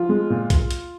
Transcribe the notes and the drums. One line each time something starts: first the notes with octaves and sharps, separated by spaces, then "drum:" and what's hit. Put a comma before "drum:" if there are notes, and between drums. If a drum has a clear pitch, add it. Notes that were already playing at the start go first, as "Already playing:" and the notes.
Already playing: F3 F4
G#3
A#2
drum: kick, hi-hat
drum: hi-hat